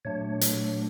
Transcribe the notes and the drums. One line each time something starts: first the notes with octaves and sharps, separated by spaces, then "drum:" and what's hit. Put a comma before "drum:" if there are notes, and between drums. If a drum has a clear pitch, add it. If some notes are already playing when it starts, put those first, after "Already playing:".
A#2 F#3 A3 D4 C#5
drum: hi-hat